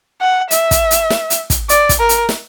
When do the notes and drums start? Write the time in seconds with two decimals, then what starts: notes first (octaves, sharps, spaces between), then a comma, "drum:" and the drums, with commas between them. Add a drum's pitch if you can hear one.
0.21 F#5
0.51 E5, drum: hi-hat
0.71 drum: kick, hi-hat
0.91 drum: hi-hat
1.10 drum: snare
1.30 drum: hi-hat
1.50 drum: kick, hi-hat
1.69 D5, drum: hi-hat
1.89 drum: kick, hi-hat
2.00 A#4
2.09 drum: hi-hat
2.29 drum: snare